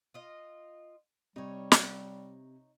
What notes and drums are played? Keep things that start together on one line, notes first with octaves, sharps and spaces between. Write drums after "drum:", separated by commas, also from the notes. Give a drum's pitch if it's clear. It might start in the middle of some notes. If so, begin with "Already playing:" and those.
F4 D#5
C3 G3 D#4 C#5
drum: snare